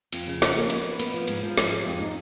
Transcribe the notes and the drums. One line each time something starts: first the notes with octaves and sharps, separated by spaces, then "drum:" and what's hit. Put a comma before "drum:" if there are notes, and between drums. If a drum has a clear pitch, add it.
F2, drum: cymbal
C#3
F3, drum: snare
A#3
B3, drum: cymbal
B3
B3, drum: cymbal
F3
G#2, drum: cymbal
F3
G#2, drum: snare
G#3
F2
D#4